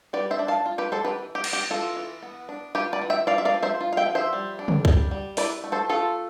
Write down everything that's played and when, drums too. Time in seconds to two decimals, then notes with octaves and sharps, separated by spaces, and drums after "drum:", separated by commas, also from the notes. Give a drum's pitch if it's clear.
0.13 G3 B4 D5
0.31 C5 E5
0.39 D4
0.48 F5 A5
0.66 F4
0.78 G4 B4
0.92 G3 A4 C5
1.05 G4 B4
1.19 E3
1.35 G4
1.44 B3, drum: cymbal
1.53 G4
1.70 E3 F4 A4
1.96 E3
2.22 B3
2.49 D4
2.75 F4 G4 B4
2.93 B4 D5
3.01 E3
3.10 E5 G5
3.27 F4 D5 F5
3.38 E5
3.45 D5 F5
3.54 F3
3.63 C5 E5
3.81 F4
3.93 F5
3.97 E5 G5
4.06 F3
4.15 C5 E5
4.33 G3
4.59 D4
4.68 drum: tom C#3
4.85 G3, drum: kick
5.11 G3
5.37 E4 B4 D5, drum: open hi-hat
5.64 A3
5.72 A4 C5
5.89 A3 F4 A4